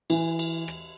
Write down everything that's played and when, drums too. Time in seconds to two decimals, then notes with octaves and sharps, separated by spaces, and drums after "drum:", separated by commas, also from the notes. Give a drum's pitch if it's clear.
0.10 E3, drum: cymbal
0.39 drum: cymbal
0.68 drum: rim click